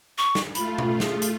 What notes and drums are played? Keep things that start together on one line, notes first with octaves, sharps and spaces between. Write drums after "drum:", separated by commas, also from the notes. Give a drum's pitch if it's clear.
C#6
drum: snare
A3 F4 B5, drum: hi-hat
drum: tom B2
G#4, drum: snare
drum: hi-hat